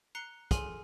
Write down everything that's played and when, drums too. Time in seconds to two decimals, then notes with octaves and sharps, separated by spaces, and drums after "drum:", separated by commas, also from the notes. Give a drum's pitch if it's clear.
0.15 A#5 F#6 C7 C#7 G7
0.51 G#4 A4 G#5 C6 F6, drum: kick, hi-hat